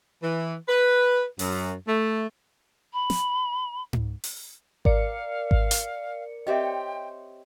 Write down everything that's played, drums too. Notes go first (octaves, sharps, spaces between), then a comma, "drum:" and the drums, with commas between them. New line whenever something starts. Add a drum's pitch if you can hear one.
E3
B4
F#2, drum: open hi-hat
A3
B5
drum: snare
drum: tom G#2
drum: open hi-hat
A#4 D5 F5 C#7, drum: kick G#1
drum: kick G#1
drum: hi-hat
C4 G4 C#5 D#5 E5 G5